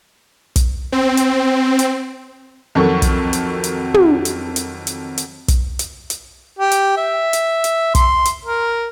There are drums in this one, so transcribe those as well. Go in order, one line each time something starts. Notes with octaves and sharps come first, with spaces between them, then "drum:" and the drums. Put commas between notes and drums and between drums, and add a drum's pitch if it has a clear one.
drum: kick, hi-hat
C4
drum: hi-hat
drum: hi-hat
F2 D#3 F#3 A4 C#6
drum: kick, hi-hat
drum: hi-hat
drum: hi-hat
drum: tom
drum: hi-hat
drum: hi-hat
drum: hi-hat
drum: hi-hat
drum: kick, hi-hat
drum: hi-hat
drum: hi-hat
G4
drum: hi-hat
E5
drum: hi-hat
drum: hi-hat
C6, drum: kick, hi-hat
drum: hi-hat
A#4